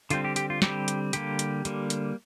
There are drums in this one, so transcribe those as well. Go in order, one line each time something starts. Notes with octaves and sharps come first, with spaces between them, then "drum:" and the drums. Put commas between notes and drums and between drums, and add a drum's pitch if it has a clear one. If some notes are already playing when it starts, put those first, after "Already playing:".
D3 G3 C4 F4, drum: hi-hat
G4
G4, drum: hi-hat
F4
D3 G3 C4 G4, drum: snare
drum: hi-hat
D3 G3 A#3 G4, drum: hi-hat
drum: hi-hat
D3 G3 A#3, drum: hi-hat
drum: hi-hat